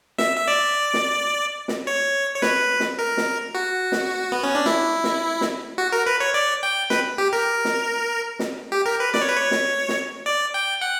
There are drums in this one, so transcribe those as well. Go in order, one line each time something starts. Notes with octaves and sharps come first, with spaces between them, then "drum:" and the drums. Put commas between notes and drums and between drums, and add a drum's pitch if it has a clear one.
E5, drum: snare
E5
D5
drum: snare
drum: snare
C#5
C#5
B4, drum: snare
drum: snare
A#4
drum: snare
F#4
drum: snare
B3
C#4
D4
E4, drum: snare
drum: snare
drum: snare
F#4
A#4
B4
C#5
D5
G5
B4, drum: snare
G4
A#4
drum: snare
drum: snare
G4
A#4
B4
D5, drum: snare
C#5
B4
C#5
drum: snare
drum: snare
D5
G5
F#5